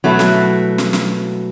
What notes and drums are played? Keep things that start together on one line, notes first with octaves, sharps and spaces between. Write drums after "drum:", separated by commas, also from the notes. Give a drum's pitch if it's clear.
B2 F#3 A3 E4
drum: snare
drum: snare
drum: snare